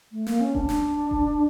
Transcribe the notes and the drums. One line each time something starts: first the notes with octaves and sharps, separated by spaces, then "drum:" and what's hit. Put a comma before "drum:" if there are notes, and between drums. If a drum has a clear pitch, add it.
A3
A#3, drum: snare
C#4
D4, drum: kick E1
drum: snare
drum: kick E1